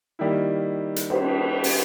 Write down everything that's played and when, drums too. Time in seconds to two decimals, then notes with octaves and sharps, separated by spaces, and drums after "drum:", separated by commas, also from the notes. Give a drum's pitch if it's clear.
0.19 D#3 G3 A#3 E4
0.96 drum: hi-hat
1.10 drum: cymbal
1.64 drum: open hi-hat